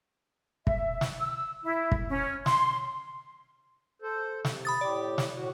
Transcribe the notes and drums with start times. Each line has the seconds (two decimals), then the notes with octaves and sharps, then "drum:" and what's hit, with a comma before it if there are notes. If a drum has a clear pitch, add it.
0.67 E5, drum: kick
1.01 drum: snare
1.19 E6
1.64 E4
1.92 drum: kick
2.09 C#4
2.46 C6, drum: snare
4.02 A4 C5
4.45 C3, drum: snare
4.65 B5 D#6 A6
4.81 A2 G4 D5
5.18 drum: snare
5.36 A2 F#4